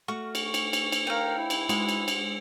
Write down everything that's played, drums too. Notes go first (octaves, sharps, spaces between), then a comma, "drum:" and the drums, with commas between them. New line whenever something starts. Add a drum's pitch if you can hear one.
A3 F#4 C#6 F6
drum: cymbal
drum: cymbal
drum: cymbal
drum: cymbal
A#4 F5 G5
E4
drum: cymbal
G#3 F#4, drum: cymbal
drum: cymbal
drum: cymbal